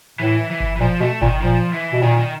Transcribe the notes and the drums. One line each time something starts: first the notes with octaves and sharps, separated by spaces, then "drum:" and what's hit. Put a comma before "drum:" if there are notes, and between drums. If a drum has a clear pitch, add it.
A2 E3
E3
drum: kick G1
E3
A#2 F3
B2 A3
A#2 D#3, drum: kick G1
A#2 F3
E3
B2
A#2 D#3
D#3